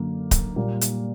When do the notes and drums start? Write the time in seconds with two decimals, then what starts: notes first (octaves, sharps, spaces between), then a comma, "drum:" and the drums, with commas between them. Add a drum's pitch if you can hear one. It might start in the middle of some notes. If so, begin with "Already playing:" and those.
Already playing: F#2 D3 A#3
0.31 drum: kick D1, hi-hat
0.56 A#2 G3 A#3
0.81 drum: hi-hat